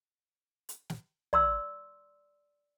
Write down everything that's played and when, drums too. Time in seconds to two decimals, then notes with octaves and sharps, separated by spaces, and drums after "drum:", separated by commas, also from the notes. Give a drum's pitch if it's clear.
0.69 drum: hi-hat
0.90 drum: snare
1.33 D5 C6 E6, drum: tom